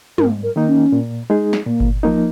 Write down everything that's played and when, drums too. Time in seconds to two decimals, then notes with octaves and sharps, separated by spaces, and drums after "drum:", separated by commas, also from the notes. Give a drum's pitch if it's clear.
0.18 G#2 A#4, drum: tom
0.43 A#4
0.56 D#3 A#3 D#4
0.67 C#4
0.92 A#2
1.30 G#3 D#4 G#4
1.53 drum: snare
1.66 A#2 A#3
1.80 drum: kick G1
2.03 F3 A#3 D#4